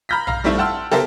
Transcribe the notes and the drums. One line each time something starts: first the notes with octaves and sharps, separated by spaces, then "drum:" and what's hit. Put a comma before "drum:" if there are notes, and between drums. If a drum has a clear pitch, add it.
A#5 B5 F6 G6 A#6 B6
F5 A#5 F6, drum: tom A#1
F3 G3 A3 C4 E4 F4
F#5 G5 A5 C6 E6 F6
G4 A4 A#4 C5 E5 G5, drum: snare